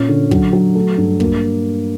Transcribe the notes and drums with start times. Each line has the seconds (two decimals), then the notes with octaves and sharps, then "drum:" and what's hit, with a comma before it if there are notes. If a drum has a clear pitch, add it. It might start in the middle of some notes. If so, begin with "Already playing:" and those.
Already playing: A#2 C#4
0.08 D3
0.31 F#3, drum: kick
0.53 F#3
0.75 A3
0.98 G2
1.20 A#3, drum: kick